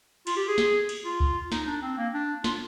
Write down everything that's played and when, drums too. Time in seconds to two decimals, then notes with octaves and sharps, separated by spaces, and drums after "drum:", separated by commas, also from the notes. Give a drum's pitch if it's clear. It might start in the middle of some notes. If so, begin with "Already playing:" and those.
0.27 F4, drum: cymbal
0.37 G4
0.48 G#4
0.58 drum: snare
0.89 drum: cymbal
1.05 F4
1.20 drum: kick C#2
1.52 D#4, drum: snare
1.67 D4
1.82 C4
1.98 A#3
2.14 D4
2.44 F4, drum: snare